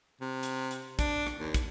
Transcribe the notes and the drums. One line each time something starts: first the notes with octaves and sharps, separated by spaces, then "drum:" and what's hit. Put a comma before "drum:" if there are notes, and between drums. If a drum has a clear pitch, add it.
C3
drum: hi-hat
drum: hi-hat
D4, drum: kick, hi-hat
drum: rim click
D#2
drum: kick, hi-hat